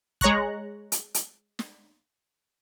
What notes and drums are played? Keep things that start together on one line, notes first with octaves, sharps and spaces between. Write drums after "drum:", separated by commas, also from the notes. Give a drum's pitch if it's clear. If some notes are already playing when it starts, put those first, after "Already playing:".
G#3 C#5 A#5 C#6 F#6, drum: kick
drum: hi-hat
drum: hi-hat
drum: snare